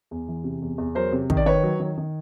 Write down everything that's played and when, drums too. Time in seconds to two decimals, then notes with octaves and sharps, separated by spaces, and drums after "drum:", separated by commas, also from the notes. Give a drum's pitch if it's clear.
0.11 E2
0.28 E3
0.44 C3
0.62 E2
0.78 E2
0.95 F#3 A#4 C5
1.12 C3
1.30 D#3, drum: kick
1.37 D5
1.46 D#3 B4 C#5
1.63 F#3
1.80 D#3
1.98 D#3